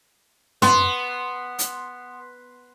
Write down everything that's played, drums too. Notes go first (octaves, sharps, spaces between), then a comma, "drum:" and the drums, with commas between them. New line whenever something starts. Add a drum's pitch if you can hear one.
B3 C6, drum: tom
drum: hi-hat